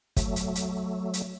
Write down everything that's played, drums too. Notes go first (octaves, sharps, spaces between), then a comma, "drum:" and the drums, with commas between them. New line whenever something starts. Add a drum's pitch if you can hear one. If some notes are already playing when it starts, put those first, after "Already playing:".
F#3 A3, drum: kick, hi-hat
drum: hi-hat
drum: hi-hat
drum: hi-hat